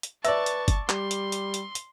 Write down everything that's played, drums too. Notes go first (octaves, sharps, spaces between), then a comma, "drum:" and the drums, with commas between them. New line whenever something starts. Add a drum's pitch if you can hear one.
drum: hi-hat
B4 D5 E5 A5 C#6 E6, drum: hi-hat
drum: hi-hat
drum: kick, hi-hat
G3 C6, drum: clap
drum: hi-hat
drum: hi-hat
drum: hi-hat
drum: hi-hat